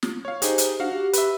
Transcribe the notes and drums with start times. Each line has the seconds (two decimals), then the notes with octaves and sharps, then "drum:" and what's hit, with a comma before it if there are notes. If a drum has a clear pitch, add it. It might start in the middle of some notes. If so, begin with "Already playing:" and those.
0.03 drum: snare
0.25 C#5 F5
0.42 D#4 G4 G#4 C5, drum: hi-hat
0.58 drum: hi-hat
0.80 D4 F#4 F5
0.93 G4
1.13 B4 E5, drum: hi-hat